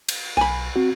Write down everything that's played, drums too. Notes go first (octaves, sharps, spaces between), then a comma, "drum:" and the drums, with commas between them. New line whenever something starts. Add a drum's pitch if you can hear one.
drum: cymbal
B1 G#5 B5
C4 F#4